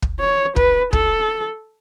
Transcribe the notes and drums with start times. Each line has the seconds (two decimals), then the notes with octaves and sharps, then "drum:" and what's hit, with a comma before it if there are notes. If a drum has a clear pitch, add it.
0.02 drum: kick
0.20 C#5
0.56 B4, drum: kick
0.93 A4, drum: kick